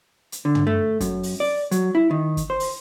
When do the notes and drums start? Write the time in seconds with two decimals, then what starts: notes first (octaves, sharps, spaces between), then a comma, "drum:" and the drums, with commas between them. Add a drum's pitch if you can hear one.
0.32 drum: hi-hat
0.45 D3
0.55 drum: tom
0.67 A3
1.01 F#2, drum: kick, hi-hat
1.23 drum: open hi-hat
1.40 D5
1.71 F#3, drum: hi-hat
1.95 E4
2.11 D#3
2.37 drum: kick, hi-hat
2.50 C5
2.60 drum: open hi-hat